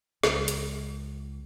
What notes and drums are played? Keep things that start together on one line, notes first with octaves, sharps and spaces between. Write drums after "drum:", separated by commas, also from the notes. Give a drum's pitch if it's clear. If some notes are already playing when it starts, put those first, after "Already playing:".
C#2, drum: snare
drum: hi-hat